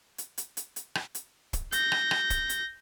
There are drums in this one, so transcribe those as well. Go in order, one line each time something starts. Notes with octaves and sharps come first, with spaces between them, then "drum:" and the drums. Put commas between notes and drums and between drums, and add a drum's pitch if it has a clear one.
drum: hi-hat
drum: hi-hat
drum: hi-hat
drum: hi-hat
drum: rim click
drum: hi-hat
drum: kick, hi-hat
G6 A#6, drum: hi-hat
drum: rim click
drum: rim click
drum: kick, hi-hat
drum: hi-hat